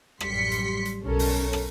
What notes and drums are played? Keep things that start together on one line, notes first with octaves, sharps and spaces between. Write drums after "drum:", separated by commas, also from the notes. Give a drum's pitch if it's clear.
A1 F#2 G3 C6 B6 C#7, drum: rim click
drum: hi-hat
drum: hi-hat
B1 F#2 C#4 A4 A#4
drum: open hi-hat
drum: rim click